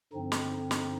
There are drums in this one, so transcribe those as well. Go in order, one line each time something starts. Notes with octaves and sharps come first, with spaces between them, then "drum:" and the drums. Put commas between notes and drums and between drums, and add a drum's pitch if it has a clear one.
G2 D3 F3 C4 D#4
drum: snare
drum: snare